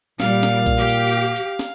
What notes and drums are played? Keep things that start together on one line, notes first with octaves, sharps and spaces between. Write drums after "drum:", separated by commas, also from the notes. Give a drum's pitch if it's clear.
A#2 G3 F5, drum: snare
drum: snare
drum: kick A#1, hi-hat
G4
drum: hi-hat
drum: hi-hat
drum: hi-hat
drum: snare